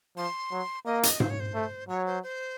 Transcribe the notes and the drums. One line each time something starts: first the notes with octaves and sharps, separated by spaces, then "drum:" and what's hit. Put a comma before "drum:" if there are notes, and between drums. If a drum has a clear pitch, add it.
F3 C6
F#3
A#3 D#5
D#5, drum: hi-hat
C5, drum: tom G#2
C#5
C5
A3
F#3 C#5
C5
C5